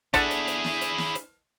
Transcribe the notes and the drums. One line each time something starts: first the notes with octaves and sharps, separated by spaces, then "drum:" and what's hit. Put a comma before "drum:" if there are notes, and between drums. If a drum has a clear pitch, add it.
D4 E4 G#4 A4 F#5, drum: kick, hi-hat
drum: hi-hat
drum: hi-hat
drum: snare
drum: hi-hat
drum: snare
drum: hi-hat